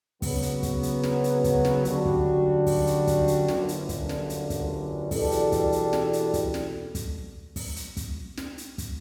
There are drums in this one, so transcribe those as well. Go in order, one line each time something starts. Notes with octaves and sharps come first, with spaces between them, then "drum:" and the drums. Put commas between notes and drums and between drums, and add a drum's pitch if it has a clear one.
C#3 F#3 B3, drum: kick, open hi-hat
drum: hi-hat
drum: kick, hi-hat
drum: hi-hat
drum: snare
drum: hi-hat
drum: kick, hi-hat
drum: snare
F#2 D3 G3 D4 F#4, drum: hi-hat
drum: kick
drum: kick, open hi-hat
drum: hi-hat
drum: kick, hi-hat
drum: hi-hat
G1 F#2 D3, drum: snare
drum: hi-hat
drum: kick, hi-hat
drum: snare
drum: hi-hat
drum: kick, hi-hat
E2 B2 G3 D4 A4, drum: kick, open hi-hat
drum: hi-hat
drum: kick, hi-hat
drum: hi-hat
drum: snare
drum: hi-hat
drum: kick, hi-hat
drum: snare
drum: kick, hi-hat
drum: kick, open hi-hat
drum: hi-hat
drum: kick, hi-hat
drum: snare
drum: hi-hat
drum: kick, hi-hat